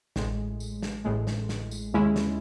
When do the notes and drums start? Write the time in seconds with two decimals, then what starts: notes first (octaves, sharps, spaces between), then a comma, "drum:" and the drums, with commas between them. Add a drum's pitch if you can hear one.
0.16 A1 A2 G#3, drum: snare
0.60 drum: tambourine
0.82 drum: snare
1.05 A1 A2 G#3
1.27 drum: snare
1.49 drum: snare
1.71 drum: tambourine
1.93 D#2 C#3 G#3 C#4 E4
2.16 drum: snare